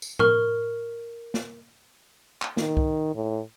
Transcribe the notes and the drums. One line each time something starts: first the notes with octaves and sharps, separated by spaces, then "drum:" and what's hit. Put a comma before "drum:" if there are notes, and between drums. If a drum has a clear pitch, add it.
drum: tambourine
A#4 C#6 F6, drum: tom A2
drum: snare
drum: clap
D#3, drum: snare
drum: kick C2
A2